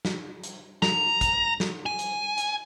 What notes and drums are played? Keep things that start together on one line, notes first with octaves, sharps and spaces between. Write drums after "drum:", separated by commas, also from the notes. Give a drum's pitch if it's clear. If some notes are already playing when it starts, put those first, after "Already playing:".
drum: snare
drum: hi-hat
A#5, drum: snare
drum: kick, hi-hat
drum: snare
G#5
drum: hi-hat
drum: hi-hat